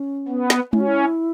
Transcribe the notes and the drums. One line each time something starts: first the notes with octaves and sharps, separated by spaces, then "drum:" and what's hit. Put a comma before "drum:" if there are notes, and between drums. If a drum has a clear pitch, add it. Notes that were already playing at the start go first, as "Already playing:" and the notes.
Already playing: C#4
B3
drum: snare
C#4 E4, drum: tom G#3
F#4
E4